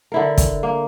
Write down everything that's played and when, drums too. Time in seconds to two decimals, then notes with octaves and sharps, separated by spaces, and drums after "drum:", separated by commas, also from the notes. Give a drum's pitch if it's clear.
0.12 D3 E4 A#4
0.38 drum: kick, hi-hat
0.63 A#3